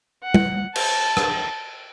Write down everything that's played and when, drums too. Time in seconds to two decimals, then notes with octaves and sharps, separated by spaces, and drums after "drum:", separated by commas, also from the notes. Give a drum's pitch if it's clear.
0.24 F#5
0.34 drum: tom
0.76 A5, drum: cymbal
1.17 drum: rim click